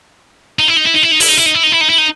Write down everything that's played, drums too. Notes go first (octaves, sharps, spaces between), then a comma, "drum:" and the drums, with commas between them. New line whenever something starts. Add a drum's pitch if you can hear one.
D#4
E4
D#4
E4
D#4
E4
D#4
E4, drum: open hi-hat
D#4
E4
D#4
E4
D#4
E4
D#4
E4
D#4